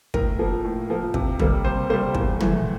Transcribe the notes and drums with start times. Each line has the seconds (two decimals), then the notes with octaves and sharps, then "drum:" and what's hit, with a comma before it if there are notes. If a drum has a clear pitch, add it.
0.14 A2 A#4, drum: kick
0.39 F3 A#3
0.65 A2
0.90 F3 A#3
1.14 C3, drum: kick
1.39 G3 A#3, drum: tom
1.64 C3 C5
1.90 G3 A#3 C5
2.15 E2, drum: kick
2.40 E3 A3, drum: tom